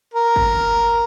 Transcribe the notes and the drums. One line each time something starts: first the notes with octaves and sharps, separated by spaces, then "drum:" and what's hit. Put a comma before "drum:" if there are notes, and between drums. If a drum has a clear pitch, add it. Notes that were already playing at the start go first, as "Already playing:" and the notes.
A#4
drum: kick